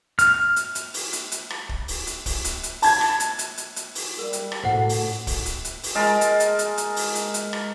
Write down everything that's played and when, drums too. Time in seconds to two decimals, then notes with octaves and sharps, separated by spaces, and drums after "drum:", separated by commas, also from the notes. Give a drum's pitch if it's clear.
0.19 F6, drum: hi-hat
0.56 drum: hi-hat
0.75 drum: hi-hat
0.94 drum: open hi-hat
1.13 drum: hi-hat
1.32 drum: hi-hat
1.50 drum: rim click
1.69 drum: kick
1.88 drum: open hi-hat
2.07 drum: hi-hat
2.26 drum: kick, open hi-hat
2.45 drum: hi-hat
2.63 drum: hi-hat
2.82 A5 G#6, drum: open hi-hat
3.01 drum: rim click
3.20 drum: hi-hat
3.39 drum: hi-hat
3.57 drum: hi-hat
3.76 drum: hi-hat
3.95 drum: open hi-hat
4.19 G3 A#4
4.33 drum: hi-hat
4.52 drum: rim click
4.64 A2 C#3 A3 F#4 A4 C5 F#5
4.89 drum: open hi-hat
5.27 drum: kick, open hi-hat
5.46 drum: hi-hat
5.65 drum: hi-hat
5.83 drum: open hi-hat
5.95 G#3 A#4 A5
6.21 drum: hi-hat
6.40 drum: hi-hat
6.59 drum: hi-hat
6.78 drum: hi-hat
6.96 drum: open hi-hat
7.15 drum: hi-hat
7.34 drum: hi-hat
7.53 drum: rim click